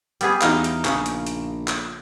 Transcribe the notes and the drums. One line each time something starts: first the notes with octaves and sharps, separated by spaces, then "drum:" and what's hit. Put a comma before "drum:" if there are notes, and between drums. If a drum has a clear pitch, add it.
G3 B3 G#4, drum: hi-hat
E2 D#4 F5, drum: clap
drum: hi-hat
A#1 C#3, drum: clap
drum: hi-hat
drum: hi-hat
drum: clap